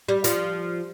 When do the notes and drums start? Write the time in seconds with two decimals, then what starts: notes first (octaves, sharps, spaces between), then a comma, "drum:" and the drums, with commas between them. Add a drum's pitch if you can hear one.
0.09 G3
0.24 F3, drum: hi-hat